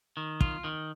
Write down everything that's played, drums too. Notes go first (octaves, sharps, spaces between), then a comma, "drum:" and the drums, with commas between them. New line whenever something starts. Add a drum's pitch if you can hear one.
D#3
F4, drum: kick
D#3